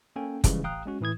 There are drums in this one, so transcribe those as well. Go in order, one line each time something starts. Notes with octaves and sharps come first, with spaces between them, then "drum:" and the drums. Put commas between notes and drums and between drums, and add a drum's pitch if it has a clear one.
A#3 C#4 A4 G5 G#5
C#3 E3 F3 G3 G#3, drum: kick, hi-hat
A1 F5 G5 A#5 D#6 F#6
G#3 C#4 F#4
A2 E3 E4 D#6 G#6